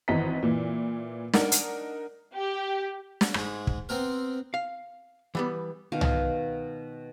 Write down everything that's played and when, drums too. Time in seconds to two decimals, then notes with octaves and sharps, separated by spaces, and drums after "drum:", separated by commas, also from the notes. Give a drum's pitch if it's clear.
0.08 G#1 E3 B3 D#5 A#5 B6
0.43 A#2 E3
1.33 D4 D#4 A#4 F#5, drum: snare
1.52 drum: hi-hat
2.35 G4
3.21 drum: snare
3.34 G#2 G#3, drum: rim click
3.67 drum: kick
3.89 B3 C4 A#4
4.54 F5
5.35 E3 G3 B3
5.92 B2 D#3 F5
6.01 drum: tom